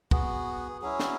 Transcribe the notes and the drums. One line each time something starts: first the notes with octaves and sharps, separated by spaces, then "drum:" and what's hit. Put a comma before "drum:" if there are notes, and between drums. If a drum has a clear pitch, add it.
B3 F#4 G#4, drum: kick
F#3 C#4 E4 G#4
drum: snare